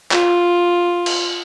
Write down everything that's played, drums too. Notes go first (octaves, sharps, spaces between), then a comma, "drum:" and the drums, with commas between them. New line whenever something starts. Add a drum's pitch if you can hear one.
F4, drum: clap
drum: cymbal